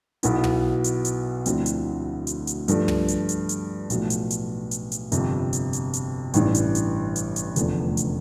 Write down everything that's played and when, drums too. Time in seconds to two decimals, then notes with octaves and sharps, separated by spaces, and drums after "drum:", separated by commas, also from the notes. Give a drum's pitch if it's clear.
0.23 B1 B2 B3 E4, drum: hi-hat
0.44 drum: tom
0.84 drum: hi-hat
1.05 drum: hi-hat
1.46 D2 D3 F3 C4 E4, drum: hi-hat
1.66 drum: hi-hat
2.27 drum: hi-hat
2.47 drum: hi-hat
2.68 G2 F3 A3, drum: hi-hat
2.88 drum: tom
3.08 drum: hi-hat
3.29 drum: hi-hat
3.49 drum: hi-hat
3.90 B1 A2 F3, drum: hi-hat
4.10 drum: hi-hat
4.30 drum: hi-hat
4.71 drum: hi-hat
4.92 drum: hi-hat
5.12 G1 F2 C3, drum: hi-hat
5.53 drum: hi-hat
5.73 drum: hi-hat
5.93 drum: hi-hat
6.34 A1 G2 E3, drum: hi-hat
6.55 drum: hi-hat
6.75 drum: hi-hat
7.16 drum: hi-hat
7.36 drum: hi-hat
7.56 F1 E2 D3 F3 A3, drum: hi-hat
7.97 drum: hi-hat